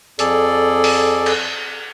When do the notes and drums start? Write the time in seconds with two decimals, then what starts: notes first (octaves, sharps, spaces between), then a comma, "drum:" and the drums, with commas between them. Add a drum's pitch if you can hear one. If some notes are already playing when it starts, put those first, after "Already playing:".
0.19 F2 G#4 A4 D5, drum: hi-hat
0.84 drum: open hi-hat
1.26 drum: cymbal